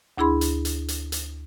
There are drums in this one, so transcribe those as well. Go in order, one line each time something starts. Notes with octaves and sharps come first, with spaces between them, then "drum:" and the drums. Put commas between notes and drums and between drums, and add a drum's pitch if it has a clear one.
D2 D4 E4 G#4 B5 C6
drum: hi-hat
drum: hi-hat
drum: hi-hat
drum: hi-hat